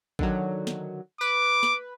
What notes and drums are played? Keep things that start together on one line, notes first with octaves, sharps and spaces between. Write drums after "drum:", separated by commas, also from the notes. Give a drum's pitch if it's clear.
D3 D#3 F#3, drum: kick A1
drum: snare
B4 D6
drum: snare